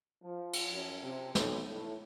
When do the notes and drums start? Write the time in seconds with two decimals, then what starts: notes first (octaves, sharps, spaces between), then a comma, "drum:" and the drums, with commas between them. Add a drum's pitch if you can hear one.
0.23 F3
0.53 drum: cymbal
0.72 F#2
1.02 C3
1.35 B1, drum: snare
1.69 A2